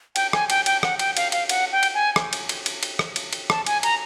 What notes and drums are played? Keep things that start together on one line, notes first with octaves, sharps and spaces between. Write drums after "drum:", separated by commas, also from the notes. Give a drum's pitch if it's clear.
G5, drum: cymbal
G#5, drum: rim click
G5, drum: cymbal
G5, drum: cymbal
F#5, drum: rim click
G5, drum: cymbal
F5, drum: cymbal
F5, drum: cymbal
F#5, drum: cymbal
G5
drum: cymbal
G#5
drum: rim click
drum: cymbal
drum: cymbal
drum: cymbal
drum: cymbal
drum: rim click
drum: cymbal
drum: cymbal
A5, drum: rim click
G#5, drum: cymbal
A#5, drum: cymbal